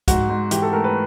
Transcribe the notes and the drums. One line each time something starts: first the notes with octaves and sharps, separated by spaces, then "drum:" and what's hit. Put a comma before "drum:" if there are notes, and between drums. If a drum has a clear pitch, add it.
G#2 F#4, drum: kick, hi-hat
G#2
E3 G4, drum: hi-hat
A4
A3 A#4
B4